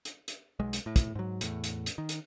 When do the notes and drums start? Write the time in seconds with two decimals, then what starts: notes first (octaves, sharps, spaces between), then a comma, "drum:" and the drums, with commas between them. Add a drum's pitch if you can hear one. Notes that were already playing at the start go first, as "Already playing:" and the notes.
0.05 drum: hi-hat
0.28 drum: hi-hat
0.59 B1 G#3
0.73 drum: hi-hat
0.86 A2
0.96 drum: kick, hi-hat
1.15 G#2 F#3
1.41 E2 A2, drum: hi-hat
1.64 drum: hi-hat
1.86 drum: hi-hat
1.98 D#3
2.09 drum: hi-hat